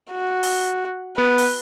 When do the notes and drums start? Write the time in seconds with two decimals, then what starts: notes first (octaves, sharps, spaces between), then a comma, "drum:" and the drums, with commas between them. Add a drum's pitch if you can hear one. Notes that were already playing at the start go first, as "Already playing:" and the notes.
0.11 F#4
0.43 drum: open hi-hat
1.17 B3 B4
1.38 drum: open hi-hat